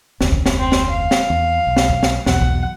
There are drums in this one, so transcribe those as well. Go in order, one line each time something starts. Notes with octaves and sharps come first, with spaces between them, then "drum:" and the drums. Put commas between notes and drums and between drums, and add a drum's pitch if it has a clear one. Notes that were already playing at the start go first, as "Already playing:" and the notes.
F1 D2 C#4, drum: snare
drum: kick
drum: snare
C4
drum: snare
F5
drum: snare
E2
B1
drum: snare
drum: kick
drum: snare
B1 E2 B2 F#5, drum: snare
drum: kick